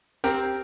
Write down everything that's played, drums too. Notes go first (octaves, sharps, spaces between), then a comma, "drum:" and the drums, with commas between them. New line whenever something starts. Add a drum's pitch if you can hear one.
C4 G4 A#4, drum: hi-hat